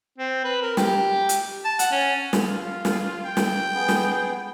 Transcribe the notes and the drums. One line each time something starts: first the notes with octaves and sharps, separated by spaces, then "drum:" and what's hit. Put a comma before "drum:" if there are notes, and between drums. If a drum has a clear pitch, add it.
C4
B4
A#4
G4, drum: snare
drum: hi-hat
A5
F#5, drum: hi-hat
C#4
drum: snare
F4
drum: snare
G5
drum: snare
B3 G#4
drum: snare